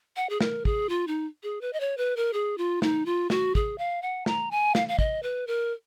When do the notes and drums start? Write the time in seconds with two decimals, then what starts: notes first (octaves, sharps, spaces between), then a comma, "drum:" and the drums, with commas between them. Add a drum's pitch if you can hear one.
0.16 F#5
0.29 G#4
0.41 A#4, drum: snare
0.65 G#4, drum: kick
0.89 F4
1.07 D#4
1.43 G#4
1.61 B4
1.73 D#5
1.80 C#5
1.97 B4
2.16 A#4
2.33 G#4
2.58 F4
2.82 D#4, drum: snare
3.06 F4
3.30 F#4, drum: snare
3.55 G#4, drum: kick
3.78 F5
4.02 F#5
4.26 A#5, drum: snare
4.51 G#5
4.75 F5, drum: snare
4.88 F5
4.99 D#5, drum: kick
5.23 B4
5.47 A#4